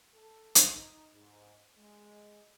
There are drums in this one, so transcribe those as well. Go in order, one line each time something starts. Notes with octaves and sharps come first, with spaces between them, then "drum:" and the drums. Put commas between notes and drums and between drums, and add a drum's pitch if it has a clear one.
A4
drum: hi-hat
D#4
G#2
G#3